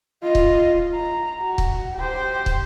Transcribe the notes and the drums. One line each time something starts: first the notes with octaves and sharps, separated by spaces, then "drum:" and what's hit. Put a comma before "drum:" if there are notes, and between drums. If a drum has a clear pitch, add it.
F4 D#5
drum: kick
A#5
F#4
drum: kick
G4 C5
drum: kick